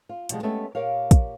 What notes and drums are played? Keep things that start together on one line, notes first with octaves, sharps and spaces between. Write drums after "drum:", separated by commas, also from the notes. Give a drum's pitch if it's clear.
F4
B2 F3 G3 G#3, drum: hi-hat
G#3 A3 B3 C#4 G4 E5
A#2 G4 A#4 C#5 F5
drum: kick, hi-hat